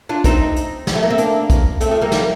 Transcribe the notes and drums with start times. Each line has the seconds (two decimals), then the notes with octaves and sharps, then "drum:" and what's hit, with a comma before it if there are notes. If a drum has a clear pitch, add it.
0.09 D4 F4
0.24 C4 D#4, drum: kick A#1, hi-hat
0.56 drum: hi-hat
0.87 G3, drum: snare
0.95 A3
1.03 A#3
1.10 C4
1.18 A#3 D4, drum: hi-hat
1.50 drum: kick A#1, hi-hat
1.81 A3 C4, drum: hi-hat
1.91 F3 A3
2.01 G3 A#3
2.12 G3 A#3, drum: snare